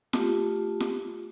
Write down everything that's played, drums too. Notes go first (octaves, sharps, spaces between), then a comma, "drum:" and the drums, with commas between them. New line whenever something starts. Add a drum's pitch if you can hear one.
A3 F4 G4, drum: snare
drum: snare